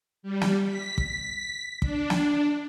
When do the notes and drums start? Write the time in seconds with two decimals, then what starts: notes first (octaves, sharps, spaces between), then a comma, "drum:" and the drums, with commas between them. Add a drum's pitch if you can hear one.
0.23 G3
0.41 drum: snare
0.67 B6
0.98 drum: kick
1.82 D4, drum: kick
2.10 drum: snare